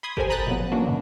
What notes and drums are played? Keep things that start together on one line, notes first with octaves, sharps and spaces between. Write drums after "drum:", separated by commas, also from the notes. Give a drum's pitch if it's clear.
B5 C6 D#6 G#6
G4 A4 A#4 C5 G#5, drum: kick G1
A#5 B5 D#6 F#6 G6 A6
B2 F3 F#3 B3
E3 F#3 A#3 C#4 D4 F#4
G#2 B2 D3